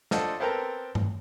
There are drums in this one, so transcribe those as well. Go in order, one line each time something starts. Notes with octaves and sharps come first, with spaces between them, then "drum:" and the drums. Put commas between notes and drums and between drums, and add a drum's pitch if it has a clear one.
D4 F4 A4 C5 D#5 F#5, drum: snare
B3 C4 A4 A#4 G5 A#5
drum: tom G2